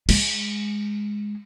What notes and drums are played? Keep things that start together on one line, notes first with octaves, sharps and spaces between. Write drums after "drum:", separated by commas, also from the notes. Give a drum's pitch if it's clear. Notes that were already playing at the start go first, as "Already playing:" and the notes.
G#3, drum: cymbal